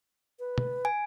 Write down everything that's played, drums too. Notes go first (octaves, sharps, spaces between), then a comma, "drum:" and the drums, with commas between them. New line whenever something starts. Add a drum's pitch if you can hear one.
B4
drum: tom
G#5